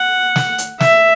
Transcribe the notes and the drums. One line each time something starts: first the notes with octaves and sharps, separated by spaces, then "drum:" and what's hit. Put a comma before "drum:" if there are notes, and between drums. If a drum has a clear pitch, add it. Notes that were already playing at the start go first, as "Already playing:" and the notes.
Already playing: F#5
drum: snare
drum: hi-hat
E5, drum: snare